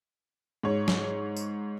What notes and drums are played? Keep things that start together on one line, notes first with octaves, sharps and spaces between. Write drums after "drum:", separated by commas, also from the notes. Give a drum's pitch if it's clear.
G#2 C#5
drum: snare
drum: tambourine